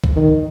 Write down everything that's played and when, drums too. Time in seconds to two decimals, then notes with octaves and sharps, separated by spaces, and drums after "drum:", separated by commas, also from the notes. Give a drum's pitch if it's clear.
0.04 drum: kick B1
0.16 D#3